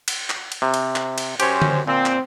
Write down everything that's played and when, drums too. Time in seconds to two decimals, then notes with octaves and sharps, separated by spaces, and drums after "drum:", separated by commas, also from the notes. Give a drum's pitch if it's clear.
0.08 drum: cymbal
0.30 drum: clap
0.52 drum: cymbal
0.62 C3
0.74 drum: cymbal
0.96 drum: clap
1.18 drum: cymbal
1.40 F#2 C#4 G4 C5 C#5, drum: cymbal
1.62 drum: tom D3
1.87 A#2 C4
2.06 drum: clap